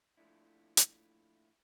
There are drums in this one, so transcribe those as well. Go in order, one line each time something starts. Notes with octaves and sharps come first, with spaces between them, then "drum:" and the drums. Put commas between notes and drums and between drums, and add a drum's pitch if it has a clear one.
A#2 F3 A3 D4 E4
drum: hi-hat